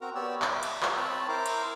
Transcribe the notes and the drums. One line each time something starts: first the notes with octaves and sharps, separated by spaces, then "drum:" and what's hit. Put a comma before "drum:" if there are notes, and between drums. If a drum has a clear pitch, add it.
C4 F#4 A#4 A#5
B3 G4 C#5 D5 E6
E5 D6, drum: clap
drum: cymbal
F5 E6, drum: clap
C4 C#5 A5 B5
E4 A#4 C5 A#5 D6
drum: cymbal